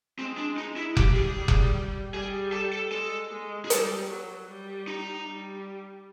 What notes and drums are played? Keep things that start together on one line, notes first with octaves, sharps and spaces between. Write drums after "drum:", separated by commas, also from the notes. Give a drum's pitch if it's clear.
G#3 C4
D4
D#4
E4
G3 G4, drum: kick F1
G#4
G3
drum: kick F1
G3 G#4
A4
A4
G#3 A4
G#3
G#4
G3 A4, drum: hi-hat
F#3
G3
D#4
G3